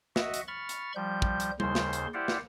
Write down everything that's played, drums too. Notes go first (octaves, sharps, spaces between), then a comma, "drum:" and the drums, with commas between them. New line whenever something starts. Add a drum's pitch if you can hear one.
F#4 D#5 E5 F#5, drum: snare
drum: hi-hat
B5 C#6 F6 A6
drum: hi-hat
F3 G3 G6
drum: kick
drum: hi-hat
D#2 C#3 C5 C6, drum: tom G3
drum: snare
drum: hi-hat
E4 G4 C5 D5 F5 F#5
drum: snare